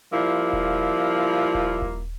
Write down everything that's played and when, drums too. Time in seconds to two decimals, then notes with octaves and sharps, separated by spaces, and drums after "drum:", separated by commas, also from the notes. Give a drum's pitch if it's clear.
0.12 F3 G3 A#3 E4 F4
0.53 drum: kick D#1
1.55 drum: kick D#1
1.82 drum: kick D#1